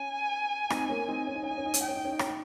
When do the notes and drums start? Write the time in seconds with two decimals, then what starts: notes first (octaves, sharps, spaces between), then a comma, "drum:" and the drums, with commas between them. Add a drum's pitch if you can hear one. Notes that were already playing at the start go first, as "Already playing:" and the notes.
Already playing: C#4 G#5
0.70 C4 D#4, drum: rim click
0.89 A#3 C#4
1.08 C4 D#4
1.27 C#4
1.35 D#4
1.43 C#4
1.46 D#4 G#5
1.58 C#4
1.66 D#4
1.74 C#4, drum: hi-hat
1.81 D#4 G5
1.88 C#4
1.96 D#4
2.05 C#4
2.12 D#4
2.19 C#4, drum: rim click
2.27 D#4